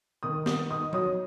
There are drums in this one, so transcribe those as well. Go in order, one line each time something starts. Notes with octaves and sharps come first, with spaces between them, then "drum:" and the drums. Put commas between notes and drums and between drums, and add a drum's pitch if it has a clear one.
D#3 D#6
B3 D#6, drum: snare
D#4 D#6
F#3 D#6, drum: tom